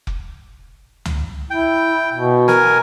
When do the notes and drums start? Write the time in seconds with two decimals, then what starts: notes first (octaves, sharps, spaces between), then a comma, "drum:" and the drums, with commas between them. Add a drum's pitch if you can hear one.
0.07 drum: kick F1
1.05 drum: tom
1.50 E4 G5
2.13 B2
2.48 A#4 G#5, drum: snare